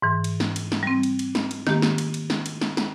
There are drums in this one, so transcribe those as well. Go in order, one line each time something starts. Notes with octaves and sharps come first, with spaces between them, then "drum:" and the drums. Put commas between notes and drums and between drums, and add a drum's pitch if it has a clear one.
G#2 E3
drum: cymbal
drum: snare
drum: cymbal
drum: snare
G3 C4
drum: cymbal
drum: cymbal
drum: snare
drum: cymbal
D#3 A#3 G4, drum: snare
drum: snare
drum: cymbal
drum: cymbal
drum: snare
drum: cymbal
drum: snare
drum: snare